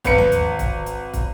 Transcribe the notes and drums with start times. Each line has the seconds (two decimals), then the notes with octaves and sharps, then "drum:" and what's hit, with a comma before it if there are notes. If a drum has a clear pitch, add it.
0.05 G#1 B4 C#7, drum: kick, hi-hat
0.18 drum: tom D#2
0.32 drum: hi-hat
0.59 drum: kick, hi-hat
0.86 drum: hi-hat
1.14 drum: kick, hi-hat